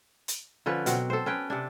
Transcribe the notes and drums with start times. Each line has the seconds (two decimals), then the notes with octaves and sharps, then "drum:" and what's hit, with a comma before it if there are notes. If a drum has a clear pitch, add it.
0.28 drum: hi-hat
0.66 D3 F3 C#4 B4
0.86 B2 F#3 C4, drum: hi-hat
1.10 A4 C5
1.26 C#4 B4 G5
1.50 C3 D4